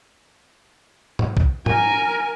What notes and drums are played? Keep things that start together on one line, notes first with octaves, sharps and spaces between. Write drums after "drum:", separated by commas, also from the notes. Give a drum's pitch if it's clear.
drum: tom G#2
drum: kick B1
A#4 G#5, drum: tom G#2